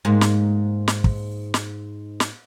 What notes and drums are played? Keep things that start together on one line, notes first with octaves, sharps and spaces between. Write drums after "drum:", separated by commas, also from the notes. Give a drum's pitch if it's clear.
G#2 A#3
drum: snare
drum: snare
drum: kick
drum: snare
drum: snare